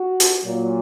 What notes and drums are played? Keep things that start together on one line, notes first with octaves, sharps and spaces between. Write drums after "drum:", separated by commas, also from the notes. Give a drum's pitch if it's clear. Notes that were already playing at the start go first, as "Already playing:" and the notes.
Already playing: F#4
drum: hi-hat
A#2 F#3